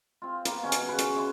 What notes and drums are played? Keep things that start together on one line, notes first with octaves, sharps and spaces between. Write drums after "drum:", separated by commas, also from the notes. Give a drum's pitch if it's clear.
C4 F4
A#3 B3, drum: hi-hat
B2 D#3 C#4
drum: hi-hat
C#3 F#4 B4 C#6
drum: hi-hat
E5 G#5 C6